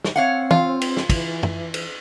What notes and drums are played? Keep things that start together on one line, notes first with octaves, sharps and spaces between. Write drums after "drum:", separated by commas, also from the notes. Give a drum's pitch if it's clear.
drum: snare
C4 C#5 F5 F#5
F4, drum: tom
drum: cymbal
drum: snare
E3, drum: kick, cymbal
drum: tom
drum: cymbal